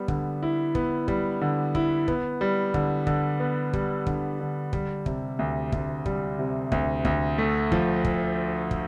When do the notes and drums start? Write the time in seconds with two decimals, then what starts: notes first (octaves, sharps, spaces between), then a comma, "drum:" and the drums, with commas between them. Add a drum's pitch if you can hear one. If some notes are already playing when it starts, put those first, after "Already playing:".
Already playing: G3 B3
0.08 D3, drum: kick
0.42 E4
0.75 B3, drum: kick
1.08 G3, drum: kick
1.41 D3
1.75 E4, drum: kick
2.08 B3, drum: kick
2.41 G3
2.74 D3, drum: kick
3.07 D3, drum: kick
3.40 B3
3.73 G3, drum: kick
4.07 D3, drum: kick
4.40 D3
4.73 G3, drum: kick
5.06 C3, drum: kick
5.39 D2
5.72 D2, drum: kick
6.06 G3, drum: kick
6.39 C3
6.72 D2, drum: kick
7.05 D2, drum: kick
7.38 A3
7.72 F3, drum: kick
8.05 drum: kick
8.71 drum: kick